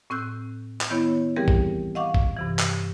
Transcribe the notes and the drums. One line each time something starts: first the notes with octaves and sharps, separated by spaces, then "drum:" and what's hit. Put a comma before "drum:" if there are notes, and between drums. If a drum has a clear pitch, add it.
A2 C4 E6 F#6 G6
drum: clap
D#3 B3 E4 C#5
E3 G3 C4 G4 G#4 A#4
drum: kick
D#5 F5 F#5 C#6 D6
drum: kick
G2 C3 E3
drum: clap